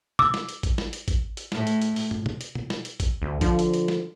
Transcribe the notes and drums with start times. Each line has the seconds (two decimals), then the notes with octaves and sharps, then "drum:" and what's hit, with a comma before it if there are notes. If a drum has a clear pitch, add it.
0.19 D6 E6, drum: tom
0.34 drum: snare
0.49 drum: hi-hat
0.63 drum: kick G#1, hi-hat
0.78 drum: snare
0.93 drum: hi-hat
1.08 drum: kick G#1, hi-hat
1.37 drum: hi-hat
1.52 A2, drum: snare
1.67 drum: hi-hat
1.82 drum: hi-hat
1.96 drum: open hi-hat
2.11 drum: tom
2.26 drum: tom
2.41 drum: hi-hat
2.55 drum: tom
2.70 drum: snare
2.85 drum: hi-hat
3.00 drum: kick G#1, hi-hat
3.22 D2
3.41 D3 F3, drum: kick G#1, hi-hat
3.59 drum: hi-hat
3.74 drum: hi-hat
3.88 drum: snare